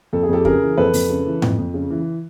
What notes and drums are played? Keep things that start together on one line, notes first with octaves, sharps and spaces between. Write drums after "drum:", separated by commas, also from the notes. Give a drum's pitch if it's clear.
F2 A4
G#4
F2 G4 A4
C#3 G#4 A#4, drum: kick
E3
F2 A4 B4
F2, drum: open hi-hat
C#3
E3
F2, drum: tom G#2
F2
C#3
E3